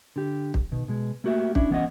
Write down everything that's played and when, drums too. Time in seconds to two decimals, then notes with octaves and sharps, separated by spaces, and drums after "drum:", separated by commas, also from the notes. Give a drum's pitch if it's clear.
0.16 D3 G4
0.54 drum: kick
0.72 B2 D#3
0.88 B2 G#3
1.24 A3 A#3 F#4 G4 E5
1.55 C#4 D4 E4, drum: kick
1.71 E3 B3 C#4 C#5 D#5 F#5